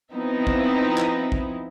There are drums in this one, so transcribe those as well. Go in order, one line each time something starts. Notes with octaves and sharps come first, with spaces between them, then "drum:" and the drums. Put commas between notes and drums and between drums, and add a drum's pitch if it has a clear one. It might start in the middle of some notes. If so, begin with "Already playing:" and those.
F3 B3 C4 D#4 E4
drum: kick A#1
drum: clap
drum: kick A#1